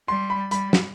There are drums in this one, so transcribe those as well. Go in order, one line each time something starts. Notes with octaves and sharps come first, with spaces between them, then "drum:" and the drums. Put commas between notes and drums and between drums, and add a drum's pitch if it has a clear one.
G3 C6
B5
G3 B5, drum: hi-hat
drum: snare